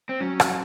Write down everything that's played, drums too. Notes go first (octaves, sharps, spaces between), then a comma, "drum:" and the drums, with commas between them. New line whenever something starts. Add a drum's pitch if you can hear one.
C4
F#3 C#4
drum: rim click